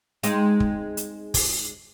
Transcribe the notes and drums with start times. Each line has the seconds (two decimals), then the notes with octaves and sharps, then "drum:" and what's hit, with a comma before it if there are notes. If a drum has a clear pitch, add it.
0.23 G#3 C4 D#4, drum: hi-hat
0.60 drum: kick
0.97 drum: hi-hat
1.34 drum: kick, open hi-hat